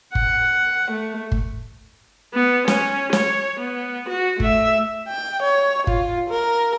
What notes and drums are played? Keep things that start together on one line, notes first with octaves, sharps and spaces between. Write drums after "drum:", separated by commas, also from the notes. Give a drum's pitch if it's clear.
F#5, drum: kick G1
A3
drum: kick G1
B3
C#4, drum: snare
C#5, drum: snare
B3
F#4
A3 E5, drum: kick G1
G5
C#5
F4, drum: kick G1
A#4